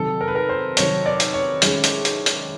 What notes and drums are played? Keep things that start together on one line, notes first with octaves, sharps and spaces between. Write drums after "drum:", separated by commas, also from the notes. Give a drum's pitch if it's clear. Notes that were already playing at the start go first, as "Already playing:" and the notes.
Already playing: C3 D#3 F#3 A4
A#4
B4
A#4
C5
C3 D#3 F#3 C#5, drum: hi-hat
D5
drum: hi-hat
C#5
D#3 G#3 C#4 E4, drum: hi-hat
drum: hi-hat
drum: hi-hat
drum: hi-hat